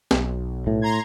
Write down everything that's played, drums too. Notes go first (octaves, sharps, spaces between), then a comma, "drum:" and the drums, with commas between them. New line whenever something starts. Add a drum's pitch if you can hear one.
B1, drum: snare
A2
A#5 C6 G#6